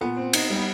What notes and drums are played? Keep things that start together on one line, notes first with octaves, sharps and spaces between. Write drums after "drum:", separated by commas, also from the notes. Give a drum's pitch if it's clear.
A#2 B3
C4
D#4, drum: cymbal
G3
B3